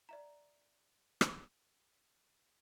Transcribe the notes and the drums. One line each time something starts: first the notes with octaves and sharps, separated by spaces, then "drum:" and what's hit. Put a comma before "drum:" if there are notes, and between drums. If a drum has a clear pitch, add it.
D5 E5 A#5
drum: rim click